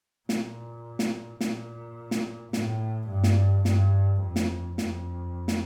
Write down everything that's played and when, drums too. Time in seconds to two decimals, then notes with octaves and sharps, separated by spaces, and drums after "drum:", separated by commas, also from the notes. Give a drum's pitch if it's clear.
0.29 A#2, drum: snare
0.99 drum: snare
1.41 A#2, drum: snare
2.11 drum: snare
2.53 A2, drum: snare
3.09 G2
3.23 drum: snare
3.65 G2, drum: snare
4.21 F2
4.36 drum: snare
4.78 F2, drum: snare
5.48 drum: snare